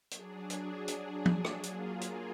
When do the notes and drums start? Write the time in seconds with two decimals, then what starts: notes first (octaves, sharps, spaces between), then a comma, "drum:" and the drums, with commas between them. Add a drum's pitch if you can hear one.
0.11 F#3 D4 G#4, drum: hi-hat
0.50 drum: hi-hat
0.88 drum: hi-hat
1.26 drum: tom
1.45 drum: rim click
1.63 F#3 A#3 F4 G#4, drum: hi-hat
2.01 drum: hi-hat